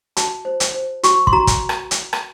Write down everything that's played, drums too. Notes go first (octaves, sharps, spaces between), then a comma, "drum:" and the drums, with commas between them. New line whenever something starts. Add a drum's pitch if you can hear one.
F#4 A5, drum: hi-hat
C5
drum: hi-hat
C5
F#4 C#6, drum: hi-hat
C6, drum: kick
F#4 A#5
drum: kick, hi-hat
drum: rim click
drum: hi-hat
drum: rim click